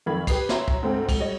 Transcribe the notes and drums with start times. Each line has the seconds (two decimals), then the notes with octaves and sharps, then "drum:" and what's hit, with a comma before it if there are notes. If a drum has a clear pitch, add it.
0.06 F2 D#3 F5 B5 G#6
0.27 G4 B4 D#6 C7, drum: kick, cymbal
0.49 F#4 C#5 E5 A#5 C6, drum: snare
0.68 drum: kick
0.82 D2 G#2 C4
1.09 drum: kick, cymbal
1.19 G3 C#5 D#5